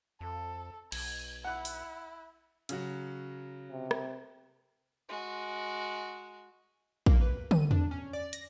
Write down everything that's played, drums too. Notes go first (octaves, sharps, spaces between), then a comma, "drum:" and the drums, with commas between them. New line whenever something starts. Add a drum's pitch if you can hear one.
F2 A4
B1 G#6, drum: cymbal
E4 F#5 F#6
drum: open hi-hat
C#3 F#3 F#4, drum: hi-hat
C3
drum: rim click
G#3 F#4
A#3, drum: kick
B4
D#7, drum: tom
D4, drum: tom E2
C#4
D5
A#6, drum: hi-hat